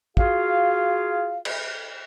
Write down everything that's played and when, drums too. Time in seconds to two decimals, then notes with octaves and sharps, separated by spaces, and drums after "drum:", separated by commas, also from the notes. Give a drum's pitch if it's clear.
0.17 F4 F#4 G#4 F5, drum: kick
1.45 drum: cymbal